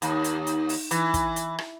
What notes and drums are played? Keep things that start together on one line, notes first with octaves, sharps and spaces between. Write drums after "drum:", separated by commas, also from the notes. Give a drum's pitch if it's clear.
D#2, drum: hi-hat
drum: hi-hat
drum: hi-hat
drum: open hi-hat
E3, drum: hi-hat
drum: kick, hi-hat
drum: hi-hat
drum: rim click